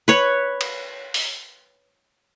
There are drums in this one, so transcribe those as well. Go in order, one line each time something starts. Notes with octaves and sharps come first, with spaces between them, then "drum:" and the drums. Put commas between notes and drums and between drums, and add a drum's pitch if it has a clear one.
B4 C#5 B5
drum: cymbal
drum: open hi-hat